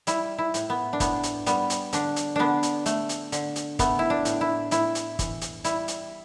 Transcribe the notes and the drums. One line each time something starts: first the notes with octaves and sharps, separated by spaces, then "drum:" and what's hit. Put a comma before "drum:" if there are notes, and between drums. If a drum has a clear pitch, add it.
G3 E4, drum: hi-hat
E4
A2, drum: hi-hat
B3
D4
A2 B3, drum: kick, hi-hat
drum: hi-hat
G3 B3, drum: hi-hat
drum: hi-hat
D3 D4, drum: hi-hat
drum: hi-hat
D3 B3 D4
drum: hi-hat
A3, drum: hi-hat
drum: hi-hat
D3, drum: hi-hat
drum: hi-hat
A3 B3, drum: kick, hi-hat
E4
D4
A2, drum: hi-hat
E4
A2 E4, drum: hi-hat
drum: hi-hat
E3, drum: kick, hi-hat
drum: hi-hat
G3 E4, drum: hi-hat
drum: hi-hat